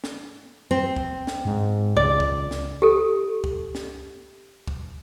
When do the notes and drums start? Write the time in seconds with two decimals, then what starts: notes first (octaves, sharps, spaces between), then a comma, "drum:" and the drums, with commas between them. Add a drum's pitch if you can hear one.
0.04 drum: snare
0.71 C4
0.96 drum: kick C2
1.27 drum: snare
1.45 G#2
1.96 C#2 D5
2.20 drum: kick C2
2.51 drum: snare
2.82 G4 A4
3.44 drum: kick C2
3.75 drum: snare
4.67 drum: kick C2